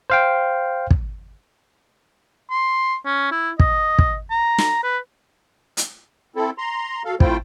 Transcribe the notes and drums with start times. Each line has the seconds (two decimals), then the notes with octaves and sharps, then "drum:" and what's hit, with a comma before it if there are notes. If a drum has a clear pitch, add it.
0.10 C5 F5 G5
0.91 drum: kick
2.50 C6
3.05 C#4
3.31 E4
3.60 D#5, drum: kick
3.99 drum: kick
4.31 A#5
4.59 drum: snare
4.83 B4
5.77 drum: hi-hat
6.36 C4 E4 A4
6.58 A#5 C6
7.05 B2 A4 F5
7.20 A3 C4 E4 F4 C5 G5, drum: kick